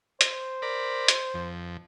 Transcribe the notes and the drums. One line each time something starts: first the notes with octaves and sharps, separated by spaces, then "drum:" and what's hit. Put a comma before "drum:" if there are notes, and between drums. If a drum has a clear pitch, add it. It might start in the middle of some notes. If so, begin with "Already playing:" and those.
C5, drum: hi-hat
A#4 D5 B5
drum: hi-hat
F2